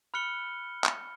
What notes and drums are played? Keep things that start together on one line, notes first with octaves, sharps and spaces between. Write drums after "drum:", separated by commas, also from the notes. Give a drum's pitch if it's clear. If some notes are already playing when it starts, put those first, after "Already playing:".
B5 F6 F#6 C#7 G7
drum: clap